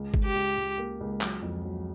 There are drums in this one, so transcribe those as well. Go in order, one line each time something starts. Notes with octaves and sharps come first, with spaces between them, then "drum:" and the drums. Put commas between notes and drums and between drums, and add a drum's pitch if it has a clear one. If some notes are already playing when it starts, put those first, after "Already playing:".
Already playing: C#2
C#2, drum: kick
G4
C#2
C#2
A#3
C#2
F#3, drum: clap
F2
F#3